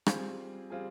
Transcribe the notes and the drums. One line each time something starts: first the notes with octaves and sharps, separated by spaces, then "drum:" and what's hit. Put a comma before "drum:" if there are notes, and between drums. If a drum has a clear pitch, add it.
G3 C4 F4 G#4, drum: rim click
G3 C4 F4 G#4